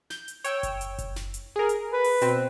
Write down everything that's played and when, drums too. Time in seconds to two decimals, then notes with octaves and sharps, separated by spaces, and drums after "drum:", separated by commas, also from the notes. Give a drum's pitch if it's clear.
0.10 G6, drum: snare
0.28 drum: hi-hat
0.44 C#5 G5 E6, drum: hi-hat
0.63 drum: kick F#1, hi-hat
0.81 drum: hi-hat
0.98 drum: kick F#1, hi-hat
1.16 drum: snare
1.34 drum: hi-hat
1.56 G#4 A#4
1.69 drum: hi-hat
1.93 B4
2.04 drum: open hi-hat
2.21 B2 C4, drum: hi-hat